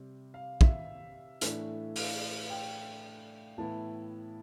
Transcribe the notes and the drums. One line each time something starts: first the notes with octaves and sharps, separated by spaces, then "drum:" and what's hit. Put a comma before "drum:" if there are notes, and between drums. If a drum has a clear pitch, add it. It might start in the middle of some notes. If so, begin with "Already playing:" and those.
Already playing: C3 G3
F5
E5, drum: kick
A2 E3 A3 D4, drum: hi-hat
F5, drum: open hi-hat
G5
A2 E3 B3 E4 A5